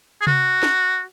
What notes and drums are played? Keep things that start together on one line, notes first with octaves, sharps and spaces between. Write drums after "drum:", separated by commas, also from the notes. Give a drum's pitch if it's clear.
G#4
F#4, drum: tom C3
drum: snare